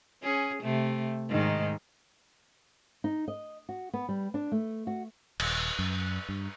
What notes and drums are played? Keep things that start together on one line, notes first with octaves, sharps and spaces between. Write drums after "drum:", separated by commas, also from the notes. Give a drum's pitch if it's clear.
C#4 G#4
C3 A3
G#2 D#3
D#4
D#5
F#4
B3
G3
D4
A3
F#4
D#1, drum: cymbal
F#2
G2